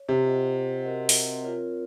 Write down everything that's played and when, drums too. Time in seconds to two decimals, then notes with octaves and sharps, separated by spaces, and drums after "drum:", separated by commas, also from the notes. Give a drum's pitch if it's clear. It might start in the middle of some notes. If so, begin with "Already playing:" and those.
Already playing: C#5
0.09 C3
0.23 F4 C5 D#5 F#5
0.83 C4 F#4 A#4 D#5 F#5
1.09 drum: open hi-hat
1.43 C4 F4 A#4 C#5